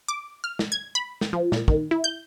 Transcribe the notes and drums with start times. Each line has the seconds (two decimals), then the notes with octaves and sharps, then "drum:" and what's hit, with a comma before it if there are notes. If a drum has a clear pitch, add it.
0.08 D6
0.44 F6
0.59 drum: snare
0.72 G#6
0.95 B5
1.21 drum: snare
1.33 F3
1.52 A#2, drum: snare
1.68 D#3, drum: kick
1.91 E4
2.04 G6